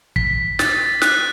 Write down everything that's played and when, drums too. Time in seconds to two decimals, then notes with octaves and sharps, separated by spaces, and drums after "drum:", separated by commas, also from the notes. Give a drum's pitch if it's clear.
0.16 B6, drum: kick
0.59 A6, drum: snare
1.02 F#6, drum: snare